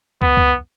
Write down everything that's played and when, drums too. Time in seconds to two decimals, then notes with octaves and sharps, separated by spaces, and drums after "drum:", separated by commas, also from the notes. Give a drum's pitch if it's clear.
0.22 B3, drum: kick
0.37 drum: kick